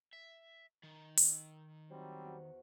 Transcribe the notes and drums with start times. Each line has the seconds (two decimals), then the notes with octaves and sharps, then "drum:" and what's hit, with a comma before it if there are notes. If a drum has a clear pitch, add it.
0.13 E5
0.83 D#3
1.17 E6, drum: open hi-hat
1.90 F#3 G3 C4 D#4 F4 C5
2.24 E2 F#4 F#5